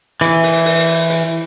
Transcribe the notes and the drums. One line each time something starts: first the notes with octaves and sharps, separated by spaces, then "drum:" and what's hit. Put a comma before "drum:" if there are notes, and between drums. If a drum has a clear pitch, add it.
E3, drum: hi-hat
drum: open hi-hat
drum: open hi-hat
drum: hi-hat